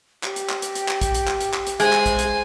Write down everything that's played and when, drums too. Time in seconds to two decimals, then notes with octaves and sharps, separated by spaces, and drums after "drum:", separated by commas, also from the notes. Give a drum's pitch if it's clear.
0.23 G4, drum: clap
0.36 drum: hi-hat
0.49 drum: clap
0.62 drum: hi-hat
0.75 drum: hi-hat
0.88 drum: clap
1.01 drum: kick A#1, hi-hat
1.14 drum: hi-hat
1.28 drum: clap
1.41 drum: hi-hat
1.54 drum: clap
1.67 drum: hi-hat
1.80 G#3 C5 G#5, drum: hi-hat
1.93 drum: clap
2.06 drum: kick A#1, hi-hat
2.19 drum: hi-hat